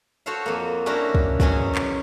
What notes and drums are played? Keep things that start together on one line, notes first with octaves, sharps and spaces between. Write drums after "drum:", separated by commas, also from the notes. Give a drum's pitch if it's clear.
F#4 A4 C5 C#5 F5
F2 A#3
C#4 D4 E4 F#4 A#4 C5
drum: kick
E2 B2 F#3 C#4 G#4 G#5, drum: kick
drum: clap